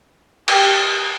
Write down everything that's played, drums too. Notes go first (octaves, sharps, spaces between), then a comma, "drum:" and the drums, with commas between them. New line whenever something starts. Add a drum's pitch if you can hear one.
G4, drum: cymbal